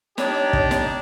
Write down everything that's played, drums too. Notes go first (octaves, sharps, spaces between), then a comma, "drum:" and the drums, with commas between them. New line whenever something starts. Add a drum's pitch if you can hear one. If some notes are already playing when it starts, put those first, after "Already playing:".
D4 D#4 G4 C#5, drum: snare
drum: kick
drum: snare